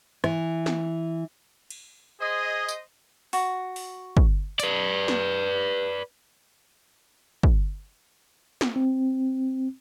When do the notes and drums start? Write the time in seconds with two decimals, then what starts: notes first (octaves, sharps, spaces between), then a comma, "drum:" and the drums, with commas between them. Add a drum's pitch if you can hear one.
0.24 E3, drum: rim click
0.66 drum: snare
1.70 drum: cymbal
2.21 G#4 C5 D#5
2.69 drum: tambourine
3.33 F#4, drum: open hi-hat
3.76 drum: open hi-hat
4.17 drum: kick
4.60 B4 D5, drum: hi-hat
5.08 drum: snare
7.43 drum: kick
8.61 drum: snare
8.76 C4